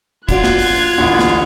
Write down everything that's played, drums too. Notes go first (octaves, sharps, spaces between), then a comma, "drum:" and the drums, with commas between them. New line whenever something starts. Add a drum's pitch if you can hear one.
D4 F4 F#4 D5 F#6 G#6, drum: kick, hi-hat
drum: snare
drum: open hi-hat
A1 D2 D4 G4
drum: snare